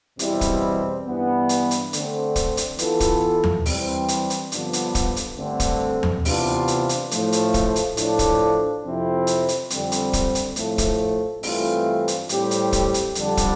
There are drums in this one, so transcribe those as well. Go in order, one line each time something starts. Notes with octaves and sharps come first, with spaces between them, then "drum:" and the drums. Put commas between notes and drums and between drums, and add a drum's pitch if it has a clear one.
E2 B2 G3 C4 E4, drum: hi-hat
drum: kick, hi-hat
G2 E3 B3
drum: hi-hat
drum: hi-hat
D3 A3 C4, drum: hi-hat
drum: kick, hi-hat
drum: hi-hat
E3 B3 F4 A4, drum: hi-hat
drum: kick, hi-hat
drum: tom D#2
E3 G3 C4, drum: open hi-hat
drum: hi-hat
drum: hi-hat
G2 D3 F3 B3 D4, drum: hi-hat
drum: hi-hat
drum: kick, hi-hat
drum: hi-hat
G2 D3 A3 C4
drum: kick, hi-hat
drum: tom D#2
C3 E3 B3 D4 F4, drum: open hi-hat
drum: hi-hat
drum: hi-hat
A2 F3 A3, drum: hi-hat
drum: hi-hat
drum: kick, hi-hat
drum: hi-hat
A2 F3 A3 D4, drum: hi-hat
drum: kick, hi-hat
F2 C3 F3 C4 E4
drum: hi-hat
drum: hi-hat
F2 D3 G3 C4, drum: hi-hat
drum: hi-hat
drum: kick, hi-hat
drum: hi-hat
A2 F3 A3, drum: hi-hat
drum: kick, hi-hat
G2 E3 A3 C4 F4, drum: open hi-hat
drum: hi-hat
A2 G3 C4 G4, drum: hi-hat
drum: hi-hat
drum: kick, hi-hat
drum: hi-hat
F2 D3 G3 D4, drum: hi-hat
drum: kick, hi-hat